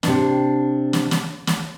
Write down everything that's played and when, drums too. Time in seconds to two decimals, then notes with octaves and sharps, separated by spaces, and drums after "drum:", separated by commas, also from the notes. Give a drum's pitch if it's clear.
0.03 C3 D4, drum: snare
0.93 drum: snare
1.11 drum: snare
1.47 drum: snare